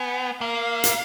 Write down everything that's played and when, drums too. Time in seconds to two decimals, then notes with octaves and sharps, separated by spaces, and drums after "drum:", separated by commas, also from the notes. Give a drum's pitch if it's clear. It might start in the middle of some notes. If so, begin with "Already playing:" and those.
Already playing: B3 G#5
0.40 A#3 F5
0.84 drum: hi-hat